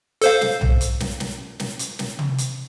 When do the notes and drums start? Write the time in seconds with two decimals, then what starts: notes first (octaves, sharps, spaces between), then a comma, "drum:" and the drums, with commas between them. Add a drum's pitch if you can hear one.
0.22 A4 C5 F5, drum: hi-hat
0.41 drum: snare
0.61 drum: tom B1
0.81 drum: hi-hat
1.00 drum: snare
1.20 drum: snare
1.60 drum: snare
1.79 drum: hi-hat
1.99 drum: snare
2.19 drum: tom
2.38 drum: hi-hat